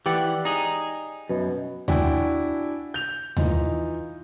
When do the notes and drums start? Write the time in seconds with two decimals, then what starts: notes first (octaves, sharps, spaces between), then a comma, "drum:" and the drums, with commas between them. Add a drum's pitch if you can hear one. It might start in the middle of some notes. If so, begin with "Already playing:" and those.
0.06 E3 G4 D5 F#5
0.45 D#4 G#4
1.29 F#2 B2
1.88 D4 E4 F#4 G5 G#5, drum: tom D#2
2.94 G6 F7
3.37 E3 D#4 F4, drum: tom D#2